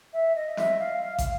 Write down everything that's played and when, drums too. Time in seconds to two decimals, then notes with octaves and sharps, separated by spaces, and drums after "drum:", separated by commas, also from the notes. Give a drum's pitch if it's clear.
0.13 E5
0.35 D#5
0.57 E5, drum: snare
0.80 F5
1.02 F5
1.18 F5, drum: kick, hi-hat